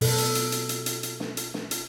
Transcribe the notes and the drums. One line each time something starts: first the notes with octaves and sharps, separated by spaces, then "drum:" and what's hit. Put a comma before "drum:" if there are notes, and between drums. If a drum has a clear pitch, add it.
B2 A4, drum: open hi-hat
drum: hi-hat
drum: hi-hat
drum: hi-hat
drum: hi-hat
drum: hi-hat
drum: hi-hat
drum: snare
drum: hi-hat
drum: snare
drum: hi-hat